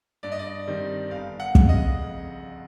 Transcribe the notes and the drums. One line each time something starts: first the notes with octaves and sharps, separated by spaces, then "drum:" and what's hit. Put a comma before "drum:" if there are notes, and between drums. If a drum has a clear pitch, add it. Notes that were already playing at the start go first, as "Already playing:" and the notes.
G2 D5
D#5
D5
D#3 G3 C4
G1 F5
F#5
F2 C#3, drum: kick
D#5